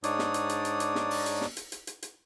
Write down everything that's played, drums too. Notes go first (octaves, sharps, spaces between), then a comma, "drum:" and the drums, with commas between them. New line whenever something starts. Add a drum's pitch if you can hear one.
G#2 D4 D#4 C#5 D5 D#6, drum: hi-hat
drum: snare
drum: hi-hat
drum: hi-hat
drum: hi-hat
drum: hi-hat
drum: snare
drum: open hi-hat
drum: hi-hat
drum: snare
drum: hi-hat
drum: hi-hat
drum: hi-hat
drum: hi-hat